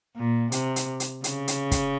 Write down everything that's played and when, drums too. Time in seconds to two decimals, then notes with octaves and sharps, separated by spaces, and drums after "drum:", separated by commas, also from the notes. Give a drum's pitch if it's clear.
0.16 A#2
0.52 C3, drum: hi-hat
0.76 drum: hi-hat
1.00 drum: hi-hat
1.24 C#3, drum: hi-hat
1.48 drum: hi-hat
1.71 drum: kick, hi-hat